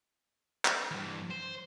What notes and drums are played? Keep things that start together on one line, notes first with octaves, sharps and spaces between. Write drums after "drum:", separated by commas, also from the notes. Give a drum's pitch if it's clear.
drum: clap
G2 E3
C5